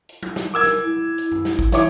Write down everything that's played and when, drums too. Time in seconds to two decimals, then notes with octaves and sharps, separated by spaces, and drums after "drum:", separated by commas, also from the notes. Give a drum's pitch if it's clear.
0.09 drum: hi-hat
0.23 drum: tom F3
0.36 drum: snare
0.54 A#4 D6 E6 G#6
0.63 drum: snare
0.82 E4
1.18 drum: hi-hat
1.32 drum: tom F#2
1.45 drum: snare
1.59 drum: kick G#1
1.72 E3 C#5 E5 D6, drum: snare